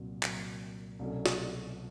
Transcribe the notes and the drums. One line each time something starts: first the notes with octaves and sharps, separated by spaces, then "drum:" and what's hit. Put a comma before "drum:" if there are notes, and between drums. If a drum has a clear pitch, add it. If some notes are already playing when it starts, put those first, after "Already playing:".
Already playing: C2 A#2 F#3
C2 A#2 F#3, drum: clap
C2 B2 F#3 A3 C#4
drum: snare